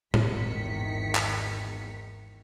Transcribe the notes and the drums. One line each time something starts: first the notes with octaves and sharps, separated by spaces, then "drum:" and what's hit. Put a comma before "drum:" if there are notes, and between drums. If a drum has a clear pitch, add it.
G#1 E2 D#3 B6 C#7, drum: tom A2
drum: clap